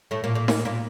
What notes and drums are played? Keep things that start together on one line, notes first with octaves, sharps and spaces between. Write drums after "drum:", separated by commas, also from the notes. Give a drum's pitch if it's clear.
A2 A3
A#2 A#3
A#2 A#3
A#2 A#3, drum: snare D#4
A#2 A#3